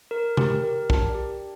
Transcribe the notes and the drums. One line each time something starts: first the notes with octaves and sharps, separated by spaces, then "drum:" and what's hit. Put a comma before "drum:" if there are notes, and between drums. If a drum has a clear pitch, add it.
A#4
G4, drum: tom C3
A#4
D4, drum: kick
G4